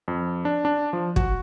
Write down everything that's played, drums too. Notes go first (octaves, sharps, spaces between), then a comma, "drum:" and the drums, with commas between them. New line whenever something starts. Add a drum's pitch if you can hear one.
F2
D4
D4
F3
F#4, drum: kick